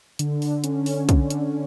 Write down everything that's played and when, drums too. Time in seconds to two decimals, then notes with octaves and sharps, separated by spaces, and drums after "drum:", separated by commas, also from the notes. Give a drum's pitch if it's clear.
0.19 D3, drum: hi-hat
0.42 drum: open hi-hat
0.64 C#4, drum: hi-hat
0.86 drum: open hi-hat
1.09 D3, drum: kick, hi-hat
1.30 drum: hi-hat